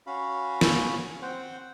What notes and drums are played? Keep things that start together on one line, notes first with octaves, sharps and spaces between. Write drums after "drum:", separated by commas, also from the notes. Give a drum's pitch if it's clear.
C#4 F#4 F5 B5
drum: snare
C4 C5 F#5 G5